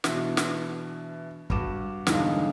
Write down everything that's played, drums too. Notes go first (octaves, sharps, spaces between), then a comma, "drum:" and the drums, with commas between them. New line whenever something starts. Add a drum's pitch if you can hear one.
B2 E3 D4, drum: snare
drum: snare
G2 F#4 D6 E7, drum: kick
E1 G2 D3 D4 D#4 F5, drum: snare